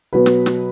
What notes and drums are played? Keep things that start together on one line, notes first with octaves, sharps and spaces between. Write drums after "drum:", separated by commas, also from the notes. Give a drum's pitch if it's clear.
B2 F#3 B3 F#4 B4
drum: snare
drum: snare